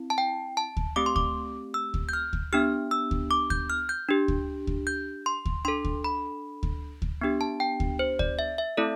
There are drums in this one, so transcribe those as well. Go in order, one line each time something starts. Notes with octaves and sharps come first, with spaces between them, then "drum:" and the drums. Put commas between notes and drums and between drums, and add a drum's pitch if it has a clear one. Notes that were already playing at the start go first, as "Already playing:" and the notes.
Already playing: C4 E4
A5
G5
A5
drum: kick D2
A3 C4 G4 D6
C6
D6, drum: kick D2
E6
drum: kick D2
G6
F6
drum: kick D2
B3 D4 G4 F6
E6
drum: kick D2
D6
G6, drum: kick D2
F6
G6
D4 G4
drum: kick D2
drum: kick D2
G6
C6
drum: kick D2
D4 A4 C6
drum: kick D2
B5
drum: kick D2
drum: kick D2
B3 D4 G4
A5
G5
drum: kick D2
C5
D5, drum: kick D2
E5
E5
A3 C4 E4 A4 D5